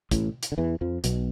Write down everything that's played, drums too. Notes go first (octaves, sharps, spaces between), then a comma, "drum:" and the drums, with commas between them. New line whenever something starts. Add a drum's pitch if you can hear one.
A1 A2, drum: kick, hi-hat
drum: hi-hat
D3
E2 E3
F2 F3
B1 B2, drum: hi-hat